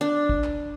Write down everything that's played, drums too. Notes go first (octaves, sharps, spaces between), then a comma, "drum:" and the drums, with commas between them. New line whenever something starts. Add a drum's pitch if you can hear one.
D4
drum: kick
drum: clap